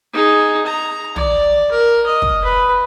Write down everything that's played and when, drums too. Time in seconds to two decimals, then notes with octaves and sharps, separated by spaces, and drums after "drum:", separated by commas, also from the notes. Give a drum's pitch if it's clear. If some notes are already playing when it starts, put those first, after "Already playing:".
0.13 D#4 G#4
0.66 A#5
1.16 D5, drum: tom
1.71 A#4
2.06 D#5
2.22 drum: kick
2.44 B4